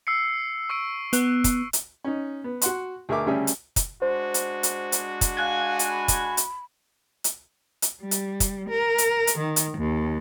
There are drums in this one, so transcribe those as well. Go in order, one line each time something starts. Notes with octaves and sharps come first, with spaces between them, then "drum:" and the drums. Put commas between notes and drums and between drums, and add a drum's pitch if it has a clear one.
E6 C7 C#7
C#6 E6 D7
B3, drum: hi-hat
drum: kick, hi-hat
drum: hi-hat
C#4 D#4
B3
F#4 F#5 C6, drum: hi-hat
D2 G#4 A#4 E5 D6
D2 C#3 G3 C#4 G#4 E5
drum: hi-hat
drum: kick, hi-hat
G#3 D4 F#4 C5
drum: hi-hat
drum: hi-hat
drum: hi-hat
drum: kick, hi-hat
F5 G#5 F#6 G#6
drum: hi-hat
B5
drum: kick, hi-hat
drum: hi-hat
drum: hi-hat
drum: hi-hat
G3
drum: hi-hat
drum: kick, hi-hat
A#4
drum: hi-hat
drum: hi-hat
D#3
drum: hi-hat
D#2